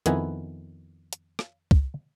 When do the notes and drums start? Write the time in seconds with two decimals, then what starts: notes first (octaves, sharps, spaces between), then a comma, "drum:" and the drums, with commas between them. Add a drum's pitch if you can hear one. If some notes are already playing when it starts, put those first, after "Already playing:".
0.06 F2 D#3 B3 E4 B4 G#5, drum: hi-hat
1.13 drum: hi-hat
1.39 drum: rim click
1.71 drum: kick